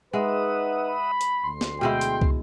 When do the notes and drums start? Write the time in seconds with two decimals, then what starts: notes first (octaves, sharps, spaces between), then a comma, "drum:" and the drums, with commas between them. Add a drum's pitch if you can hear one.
0.13 G#3 D#4 B4 E5 F#5 D#6
0.88 B5
1.21 drum: hi-hat
1.44 D2 C6
1.61 drum: snare
1.81 B2 G#3 E4 G5
2.01 drum: hi-hat
2.21 drum: kick